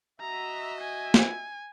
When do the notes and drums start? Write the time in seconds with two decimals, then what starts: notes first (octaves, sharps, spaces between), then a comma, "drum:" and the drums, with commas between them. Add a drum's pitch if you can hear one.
0.21 F#4 D#5 E5 A#5
0.80 G#5
1.14 drum: snare